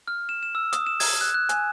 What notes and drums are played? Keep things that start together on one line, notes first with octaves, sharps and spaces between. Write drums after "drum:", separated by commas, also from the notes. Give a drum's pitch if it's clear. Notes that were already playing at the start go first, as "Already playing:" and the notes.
F6
E7
E7
E6
D#6, drum: hi-hat
E7
G#6, drum: open hi-hat
F#6
F#6
G#5, drum: hi-hat